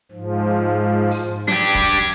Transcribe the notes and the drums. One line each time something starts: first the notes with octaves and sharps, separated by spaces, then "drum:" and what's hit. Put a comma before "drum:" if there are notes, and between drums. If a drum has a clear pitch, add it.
G#2 F3
drum: open hi-hat
D4 G4 G#6, drum: tom
drum: kick